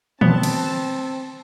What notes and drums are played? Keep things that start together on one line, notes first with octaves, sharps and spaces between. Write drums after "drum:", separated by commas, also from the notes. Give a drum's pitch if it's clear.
B2 B3 C4 A5, drum: tom
drum: cymbal